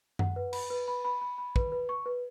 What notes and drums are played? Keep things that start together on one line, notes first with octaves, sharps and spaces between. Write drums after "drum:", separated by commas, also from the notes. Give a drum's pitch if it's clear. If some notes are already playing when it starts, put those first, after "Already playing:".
F#5, drum: tom F#2
B4
B5, drum: cymbal
B4
B5
B5
B5
B5
B4, drum: kick
B4
C#6
B4